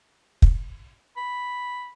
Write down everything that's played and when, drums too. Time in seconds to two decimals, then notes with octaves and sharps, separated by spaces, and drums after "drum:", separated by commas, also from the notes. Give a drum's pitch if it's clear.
0.42 drum: kick
1.17 B5